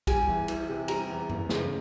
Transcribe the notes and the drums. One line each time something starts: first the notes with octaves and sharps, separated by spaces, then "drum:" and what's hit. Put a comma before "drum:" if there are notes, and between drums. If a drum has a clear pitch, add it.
G3 G#5, drum: kick A#1, cymbal
E2
E3, drum: cymbal
C3
G3 A#5, drum: cymbal
E2
E3, drum: tom
C#3, drum: snare